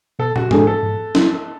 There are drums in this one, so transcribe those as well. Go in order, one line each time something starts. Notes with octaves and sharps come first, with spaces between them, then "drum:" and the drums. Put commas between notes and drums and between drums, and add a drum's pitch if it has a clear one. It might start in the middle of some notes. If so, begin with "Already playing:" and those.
B2 A4
F#4, drum: tom
G#3 D4 G#4 A4, drum: tom G#2
A4
G#2
F#3 C#4 E4, drum: snare